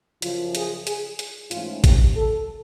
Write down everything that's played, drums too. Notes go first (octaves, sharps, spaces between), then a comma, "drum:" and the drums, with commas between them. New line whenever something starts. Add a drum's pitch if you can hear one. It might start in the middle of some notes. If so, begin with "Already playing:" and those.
F#2 C#3 F3 F4, drum: hi-hat
G#4, drum: hi-hat
G#4, drum: hi-hat
drum: hi-hat
G#2 E3 A3 C#4 F4, drum: hi-hat
G4, drum: kick G#1, hi-hat
A4